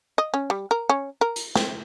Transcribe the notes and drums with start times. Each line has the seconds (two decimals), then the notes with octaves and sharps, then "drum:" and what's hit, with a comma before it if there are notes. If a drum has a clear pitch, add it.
0.18 D#5
0.34 C#4
0.50 G3
0.71 A#4
0.90 C#4
1.21 A#4
1.36 drum: hi-hat
1.55 C4, drum: snare